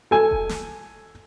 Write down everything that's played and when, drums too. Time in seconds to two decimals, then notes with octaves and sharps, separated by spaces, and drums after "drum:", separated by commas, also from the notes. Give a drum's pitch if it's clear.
0.11 A4 G#5
0.31 drum: kick E1
0.49 drum: snare